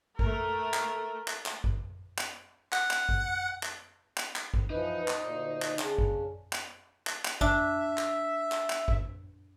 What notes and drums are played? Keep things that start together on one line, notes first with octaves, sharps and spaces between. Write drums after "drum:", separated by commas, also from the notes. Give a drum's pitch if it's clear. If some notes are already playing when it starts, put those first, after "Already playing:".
A3 A#4, drum: kick
drum: clap
drum: clap
drum: clap
drum: kick
drum: clap
F#5, drum: clap
drum: clap
drum: kick
drum: clap
drum: clap
drum: clap
drum: kick
E3 F3 D#4 B4
drum: clap
D2 A#2 C5
drum: clap
C#3 C#4 D4, drum: clap
drum: kick
drum: clap
drum: clap
drum: clap
D4 E5, drum: kick
drum: clap
drum: clap
drum: clap
drum: kick